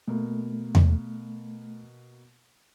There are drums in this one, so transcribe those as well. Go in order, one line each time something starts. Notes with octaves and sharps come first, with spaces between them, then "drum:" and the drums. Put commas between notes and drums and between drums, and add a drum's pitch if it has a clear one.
B2 A3 A#3
drum: tom E2